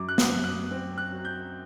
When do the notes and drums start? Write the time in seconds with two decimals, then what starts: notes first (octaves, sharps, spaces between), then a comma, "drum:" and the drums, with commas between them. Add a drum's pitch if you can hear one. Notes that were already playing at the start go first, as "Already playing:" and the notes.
Already playing: F#2 D6
0.09 F#6
0.18 D#6, drum: snare
0.31 F#2
0.44 F#6
0.71 C4
0.98 F#6
1.11 F#3
1.25 G6